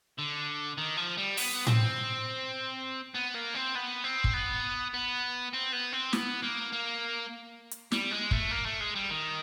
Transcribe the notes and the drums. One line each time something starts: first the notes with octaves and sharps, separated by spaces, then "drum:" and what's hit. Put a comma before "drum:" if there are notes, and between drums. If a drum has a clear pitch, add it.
D3
D#3
F3
G3
B3, drum: open hi-hat
C4, drum: tom A2
B3
A#3
C4
B3
C4
drum: kick
B3
B3
C4
B3
C4
B3, drum: snare
A#3
A#3
drum: hi-hat
G3, drum: snare
G#3
A3, drum: kick
A#3
A3
G#3
G3
D#3